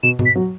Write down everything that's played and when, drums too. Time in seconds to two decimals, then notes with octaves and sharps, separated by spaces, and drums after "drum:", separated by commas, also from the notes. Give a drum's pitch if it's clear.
0.03 B2 E7
0.19 B2, drum: tom G#2
0.26 B6
0.36 F#3